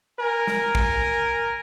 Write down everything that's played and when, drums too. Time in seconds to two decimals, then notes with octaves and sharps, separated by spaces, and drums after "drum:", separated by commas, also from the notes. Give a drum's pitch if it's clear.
0.20 A#4 G#5
0.47 drum: snare
0.75 drum: kick